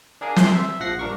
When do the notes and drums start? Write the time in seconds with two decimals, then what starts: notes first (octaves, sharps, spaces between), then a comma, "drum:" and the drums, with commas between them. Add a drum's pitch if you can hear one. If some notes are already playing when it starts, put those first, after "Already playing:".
0.21 D4 G#4 A#4 F5 G#5
0.36 C6, drum: snare
0.55 E5
0.80 A#1 F3 F#5 A#6 C7
0.99 G2 D4 A#4 C#6